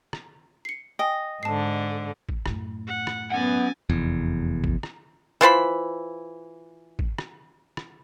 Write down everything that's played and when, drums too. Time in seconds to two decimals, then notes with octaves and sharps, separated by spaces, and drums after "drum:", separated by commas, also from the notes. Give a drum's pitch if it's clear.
0.13 drum: rim click
0.65 C7 C#7
0.99 D#5 G5 G#5
1.43 G#2 D3 A5 C7
2.29 drum: kick
2.46 F#2 A2, drum: rim click
2.87 F#5
3.07 drum: rim click
3.32 B3 C#4 F#5 G#5 A6
3.90 F1 E2
4.64 drum: kick
4.83 drum: rim click
5.41 E3 F4 C5 B5, drum: rim click
6.99 drum: kick
7.18 drum: rim click
7.77 drum: rim click